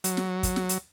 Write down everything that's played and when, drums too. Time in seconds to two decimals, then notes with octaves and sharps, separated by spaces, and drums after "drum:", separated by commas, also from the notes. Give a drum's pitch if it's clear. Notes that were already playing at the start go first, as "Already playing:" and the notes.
0.04 F#3, drum: hi-hat
0.17 drum: snare
0.43 drum: kick, hi-hat
0.56 drum: snare
0.69 drum: hi-hat